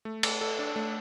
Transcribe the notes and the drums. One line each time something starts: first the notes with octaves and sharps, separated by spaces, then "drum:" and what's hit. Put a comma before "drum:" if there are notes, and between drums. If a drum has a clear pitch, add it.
A3
A4, drum: cymbal
A4
D4
A3